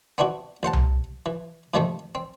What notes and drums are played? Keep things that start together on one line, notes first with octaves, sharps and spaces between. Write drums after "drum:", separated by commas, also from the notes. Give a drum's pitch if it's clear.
B3 C4 D4 E4 F#4
A1 C5 F#5 A5
drum: tom C2
E3
G#2 C3 D#3 F3 A3 C4
C4